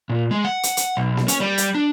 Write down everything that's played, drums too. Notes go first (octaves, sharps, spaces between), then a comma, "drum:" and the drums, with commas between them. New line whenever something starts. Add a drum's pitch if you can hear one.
A#2
G#3
F#5
drum: hi-hat
drum: hi-hat
B1
drum: snare A#3
C#4, drum: hi-hat
G3
drum: hi-hat
D4